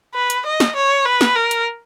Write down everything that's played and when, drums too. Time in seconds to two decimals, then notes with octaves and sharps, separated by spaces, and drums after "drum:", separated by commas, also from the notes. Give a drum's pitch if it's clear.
0.14 B4
0.30 drum: hi-hat
0.46 D#5
0.60 drum: snare
0.76 C#5
1.05 B4
1.21 drum: snare
1.36 A#4
1.51 drum: hi-hat